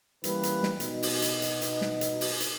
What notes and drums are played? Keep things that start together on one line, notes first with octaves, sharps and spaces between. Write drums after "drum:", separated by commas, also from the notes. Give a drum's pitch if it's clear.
E3 G3 A#3 C#4 B4, drum: hi-hat
drum: hi-hat
drum: snare
B2 D#4, drum: hi-hat
drum: open hi-hat
drum: hi-hat
drum: hi-hat
drum: hi-hat
drum: snare
drum: hi-hat
drum: open hi-hat
drum: hi-hat